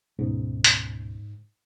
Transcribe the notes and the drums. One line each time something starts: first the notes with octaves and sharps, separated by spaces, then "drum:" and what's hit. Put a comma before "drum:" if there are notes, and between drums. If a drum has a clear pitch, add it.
D1 G#2 B2 C#4
drum: hi-hat